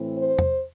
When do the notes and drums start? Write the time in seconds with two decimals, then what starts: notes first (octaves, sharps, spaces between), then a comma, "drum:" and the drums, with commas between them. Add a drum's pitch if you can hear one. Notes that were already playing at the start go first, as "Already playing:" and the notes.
Already playing: A2 E3 C4
0.19 C5
0.39 drum: tom E2